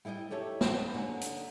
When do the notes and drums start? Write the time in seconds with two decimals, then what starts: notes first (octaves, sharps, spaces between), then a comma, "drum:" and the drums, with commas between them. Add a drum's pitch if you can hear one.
0.05 G3 E4 G4 D#5 G5
0.31 G4 A4 C#5 D5
0.61 drum: snare
0.94 D3 C#4 D#4
1.21 drum: hi-hat